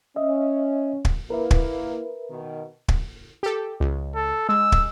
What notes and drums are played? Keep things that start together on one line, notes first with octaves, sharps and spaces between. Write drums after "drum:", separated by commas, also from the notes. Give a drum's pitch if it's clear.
C#4 D#5 E5
drum: kick
A#3 E4 A#4 B4 E5
drum: kick
B2 D#3
drum: kick
G4 A4
C#2
A4
G#3 E6
drum: kick